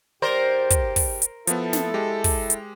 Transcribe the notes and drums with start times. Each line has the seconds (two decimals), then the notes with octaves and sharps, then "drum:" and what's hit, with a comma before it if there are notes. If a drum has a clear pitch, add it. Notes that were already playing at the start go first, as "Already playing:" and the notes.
0.22 G#2 G4 A#4 C5 D5 C6
0.70 drum: kick, hi-hat
0.96 drum: kick, open hi-hat
1.22 drum: hi-hat
1.47 F3 B3 E4 A4, drum: hi-hat
1.73 drum: snare
1.94 G#3 G4
2.24 drum: kick, open hi-hat
2.50 drum: hi-hat